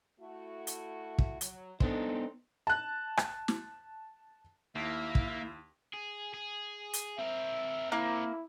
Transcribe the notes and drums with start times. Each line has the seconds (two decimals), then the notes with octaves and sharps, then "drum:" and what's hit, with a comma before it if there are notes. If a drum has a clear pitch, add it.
0.20 A3 E4 F#4
0.67 drum: hi-hat
1.18 drum: kick
1.41 F#3, drum: hi-hat
1.80 B3 D4 D#4 A4 C5, drum: kick
2.67 A5 F#6
3.17 drum: rim click
3.48 drum: snare
4.76 D#2 A#3 E4 E5
5.15 drum: kick
5.94 G#4
6.34 G#4
6.94 drum: hi-hat
7.18 C4 A#4 E5
7.92 A#3 E4